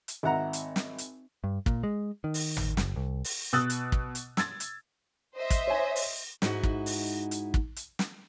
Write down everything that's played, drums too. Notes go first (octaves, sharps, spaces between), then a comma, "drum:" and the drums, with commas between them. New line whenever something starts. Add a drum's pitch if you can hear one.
drum: hi-hat
G#1 E5 F#5 A#5
drum: hi-hat
drum: snare
drum: hi-hat
G2
A#2, drum: kick
G#3
D#3
drum: open hi-hat
drum: tom G#1
F#1, drum: snare
C2
drum: open hi-hat
B2 D#6 E6 F#6 A6
drum: hi-hat
drum: kick
drum: hi-hat
E6 G#6 A6, drum: snare
drum: hi-hat
C5 D#5 E5
drum: kick, hi-hat
C#5 G#5
drum: open hi-hat
G#2 D#4 E4 F#4, drum: snare
drum: kick
drum: open hi-hat
drum: hi-hat
drum: kick
drum: hi-hat
drum: snare